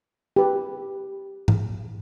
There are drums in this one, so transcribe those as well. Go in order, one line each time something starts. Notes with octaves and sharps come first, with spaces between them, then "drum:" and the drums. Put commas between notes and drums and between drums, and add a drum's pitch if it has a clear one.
G4 B4
drum: tom G#2